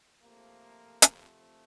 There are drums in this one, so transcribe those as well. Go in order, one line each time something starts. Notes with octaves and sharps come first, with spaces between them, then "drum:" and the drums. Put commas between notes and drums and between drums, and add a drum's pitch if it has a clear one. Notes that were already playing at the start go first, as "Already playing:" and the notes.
F2 C3 F3 A3 A#3
drum: hi-hat
A3